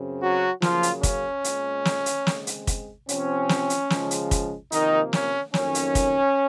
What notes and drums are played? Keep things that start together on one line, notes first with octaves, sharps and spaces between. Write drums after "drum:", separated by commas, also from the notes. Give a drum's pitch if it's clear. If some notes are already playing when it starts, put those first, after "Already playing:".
Already playing: F#2 C#3 C4
F#3 F#4
C#3 F3 F#3 A#3 F4, drum: snare
drum: hi-hat
C#4, drum: kick, hi-hat
A#2 G#3 C4, drum: hi-hat
drum: snare
drum: hi-hat
C#3 G#3 C4, drum: snare
drum: hi-hat
drum: kick, hi-hat
C3 F3 C4 C#4, drum: hi-hat
drum: snare
drum: hi-hat
C#3 F3 G#3, drum: snare
drum: hi-hat
drum: kick, hi-hat
C3 D#3 F3 A#3 D#4, drum: hi-hat
C#4, drum: snare
F2 D#3 F#3 A#3 C#4, drum: snare
drum: hi-hat
drum: kick, hi-hat